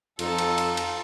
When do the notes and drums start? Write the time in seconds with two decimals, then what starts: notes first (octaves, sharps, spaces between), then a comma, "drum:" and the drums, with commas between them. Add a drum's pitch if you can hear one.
0.19 F2 D#4 F4 A4 A5, drum: cymbal
0.38 drum: cymbal
0.58 drum: cymbal
0.77 drum: cymbal